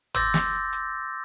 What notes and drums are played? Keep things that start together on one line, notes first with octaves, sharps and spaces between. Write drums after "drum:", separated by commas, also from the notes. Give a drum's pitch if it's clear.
C6 D6 E6 G6 A6 A#6, drum: tom
drum: snare
drum: hi-hat